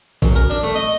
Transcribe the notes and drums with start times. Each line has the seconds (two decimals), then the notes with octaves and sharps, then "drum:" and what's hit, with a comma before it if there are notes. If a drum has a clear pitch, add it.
0.22 F#2, drum: kick A1
0.36 A#4
0.50 D4
0.63 A3
0.75 D#5